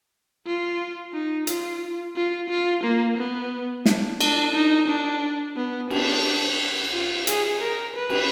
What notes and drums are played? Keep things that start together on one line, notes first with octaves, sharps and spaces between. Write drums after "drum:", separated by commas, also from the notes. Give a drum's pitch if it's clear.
F4
D#4
F4, drum: hi-hat
F4
F4
A#3
B3
D4, drum: snare
D4, drum: cymbal
D#4
D4
B3
D4, drum: cymbal
F4
G#4, drum: hi-hat
A#4
B4
drum: cymbal